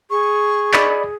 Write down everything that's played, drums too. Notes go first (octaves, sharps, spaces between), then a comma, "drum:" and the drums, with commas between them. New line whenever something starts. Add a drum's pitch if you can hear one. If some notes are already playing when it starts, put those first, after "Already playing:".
G#4 C#6
D5 D#5 B5, drum: clap